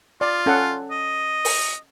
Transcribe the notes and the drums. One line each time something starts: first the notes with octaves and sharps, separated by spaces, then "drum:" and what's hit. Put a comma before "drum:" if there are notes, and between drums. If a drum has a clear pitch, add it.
F4 D5
C#4 A4 F#5
D#5
drum: open hi-hat